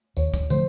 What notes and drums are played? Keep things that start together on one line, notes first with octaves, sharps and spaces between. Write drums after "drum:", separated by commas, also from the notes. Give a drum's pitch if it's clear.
D#2 C#5, drum: tambourine
drum: kick, tambourine
D3 F3 A3 C5, drum: tambourine